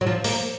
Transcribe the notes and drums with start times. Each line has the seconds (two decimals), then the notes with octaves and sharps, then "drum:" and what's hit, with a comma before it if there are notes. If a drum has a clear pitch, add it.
0.01 F#3
0.07 F3
0.24 A#3, drum: open hi-hat